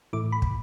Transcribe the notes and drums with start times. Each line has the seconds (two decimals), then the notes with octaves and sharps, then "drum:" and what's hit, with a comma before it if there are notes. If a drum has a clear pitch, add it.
0.13 A2 E3 A3 D6
0.32 B5
0.42 drum: kick